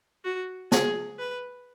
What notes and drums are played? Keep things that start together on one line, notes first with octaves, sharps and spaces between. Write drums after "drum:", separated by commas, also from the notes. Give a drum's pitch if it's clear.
F#4
G#4, drum: snare
B4